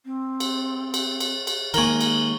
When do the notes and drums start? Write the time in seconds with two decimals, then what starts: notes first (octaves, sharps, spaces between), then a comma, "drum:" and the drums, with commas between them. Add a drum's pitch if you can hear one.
0.05 C4
0.40 drum: cymbal
0.94 drum: cymbal
1.20 drum: cymbal
1.47 drum: cymbal
1.74 D#3 G#3 A#3 A#4 G#5 C#6 F#7 G7, drum: cymbal
2.01 drum: cymbal